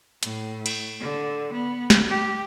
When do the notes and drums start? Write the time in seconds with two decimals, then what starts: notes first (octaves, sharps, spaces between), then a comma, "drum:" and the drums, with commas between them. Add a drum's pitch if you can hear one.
0.23 A2, drum: hi-hat
0.66 drum: cymbal
1.00 D3
1.52 B3
1.90 drum: snare
2.09 G4